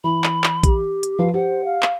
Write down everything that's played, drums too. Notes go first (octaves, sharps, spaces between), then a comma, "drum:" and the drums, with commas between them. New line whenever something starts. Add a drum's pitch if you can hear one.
E3 B5
drum: clap
drum: clap
G4, drum: kick A#1, hi-hat
drum: hi-hat
F3 B4 F5
G4 C5 F#5
F5
drum: clap